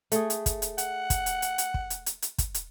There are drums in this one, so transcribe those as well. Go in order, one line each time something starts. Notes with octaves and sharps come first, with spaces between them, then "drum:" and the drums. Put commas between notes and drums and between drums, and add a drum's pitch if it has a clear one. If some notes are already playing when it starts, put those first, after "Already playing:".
A3 G#4, drum: hi-hat
drum: hi-hat
drum: kick, hi-hat
drum: hi-hat
F#5, drum: hi-hat
drum: kick, hi-hat
drum: hi-hat
drum: hi-hat
drum: hi-hat
drum: kick
drum: hi-hat
drum: hi-hat
drum: hi-hat
drum: kick, hi-hat
drum: hi-hat